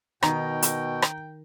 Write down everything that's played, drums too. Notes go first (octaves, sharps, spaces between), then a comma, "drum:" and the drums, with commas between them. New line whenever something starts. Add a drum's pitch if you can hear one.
B2 D#3 G5 A#5, drum: rim click
drum: hi-hat
drum: rim click